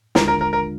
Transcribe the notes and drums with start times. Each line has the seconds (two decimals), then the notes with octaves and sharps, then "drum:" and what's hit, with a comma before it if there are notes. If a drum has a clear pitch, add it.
0.15 D#2 D3 G#3 D4 F4 A#4, drum: snare
0.28 A#4
0.41 A#4
0.53 A#4